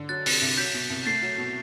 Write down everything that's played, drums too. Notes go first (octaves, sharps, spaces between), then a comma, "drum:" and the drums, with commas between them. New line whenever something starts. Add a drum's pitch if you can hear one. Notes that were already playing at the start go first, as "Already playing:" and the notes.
Already playing: D3
F#3 F#6 A6
C3, drum: open hi-hat
C2
F#3 G6 B6
B2
C2
A3 A6 C7
F#3
B2